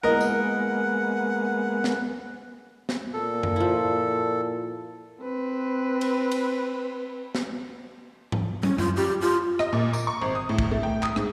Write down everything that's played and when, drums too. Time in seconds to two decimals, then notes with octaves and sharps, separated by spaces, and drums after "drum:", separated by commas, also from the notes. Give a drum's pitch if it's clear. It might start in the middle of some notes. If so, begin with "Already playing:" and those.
0.03 G#3 A#3 B3 A#4 D#5 F#5
0.21 drum: tambourine
1.84 drum: snare
2.89 drum: snare
3.13 A#2 A4
3.43 drum: tom F#2
3.56 F3 E4
5.22 C4 B4
6.01 drum: cymbal
6.31 drum: cymbal
7.35 drum: snare
8.32 drum: tom G#2
8.63 C#4, drum: tom
8.78 F4, drum: tom F#2
8.97 G4
9.21 F4
9.59 D#5, drum: rim click
9.73 A#2
9.93 D6, drum: tambourine
10.07 C#6
10.21 G#1
10.35 D#6
10.49 A2
10.59 drum: kick
10.71 A3
10.83 G5
11.03 D#6, drum: clap
11.16 G#2, drum: rim click